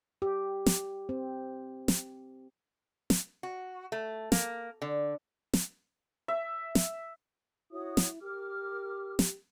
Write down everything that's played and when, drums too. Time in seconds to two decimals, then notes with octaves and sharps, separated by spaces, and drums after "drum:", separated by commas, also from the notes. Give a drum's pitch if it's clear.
0.22 G4
0.66 drum: snare
1.09 C4
1.88 drum: snare
3.10 drum: snare
3.43 F#4
3.92 A3
4.32 A#3, drum: snare
4.82 D3
5.54 drum: snare
6.28 E5
6.75 drum: snare
7.72 E4 F#4 C#5 D#6
7.97 drum: snare
8.22 G4 A#4 D6 F6
9.19 drum: snare